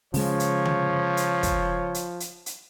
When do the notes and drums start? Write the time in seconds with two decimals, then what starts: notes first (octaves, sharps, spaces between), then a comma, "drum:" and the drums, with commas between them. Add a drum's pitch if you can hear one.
0.14 C#3 F3 G#3 C#5, drum: open hi-hat
0.40 drum: hi-hat
0.65 drum: tom D3
1.17 drum: hi-hat
1.43 drum: kick, hi-hat
1.94 drum: hi-hat
2.20 drum: hi-hat
2.46 drum: hi-hat